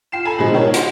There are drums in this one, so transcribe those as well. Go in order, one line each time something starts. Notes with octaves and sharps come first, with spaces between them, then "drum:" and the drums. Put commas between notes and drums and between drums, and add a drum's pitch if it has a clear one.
F4 G5 C7 E7
A4 G#5 A#5 B5
B2 D3 F3 G#3 D#5
D4 D#4 G4 A#4 C#5
F#4 C6, drum: hi-hat